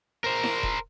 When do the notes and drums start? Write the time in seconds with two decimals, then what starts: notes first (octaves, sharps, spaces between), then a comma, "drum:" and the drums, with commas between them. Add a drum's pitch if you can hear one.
0.24 A#4 C5
0.44 drum: snare E4
0.63 drum: kick E1